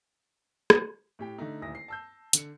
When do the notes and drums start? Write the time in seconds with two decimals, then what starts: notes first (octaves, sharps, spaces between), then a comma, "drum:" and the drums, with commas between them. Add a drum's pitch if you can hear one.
0.70 drum: rim click
1.19 A2 G4 G5
1.38 D3 A3 D#4
1.61 D#1 D2 E4 D#6 A#6
1.75 C7
1.88 A5 E6 G6
2.33 D3 C#7, drum: hi-hat